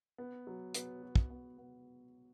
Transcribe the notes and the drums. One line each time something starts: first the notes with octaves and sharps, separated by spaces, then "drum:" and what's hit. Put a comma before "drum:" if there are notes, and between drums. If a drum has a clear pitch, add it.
B3
F#3
B3, drum: hi-hat
F#4
drum: kick
B3
B3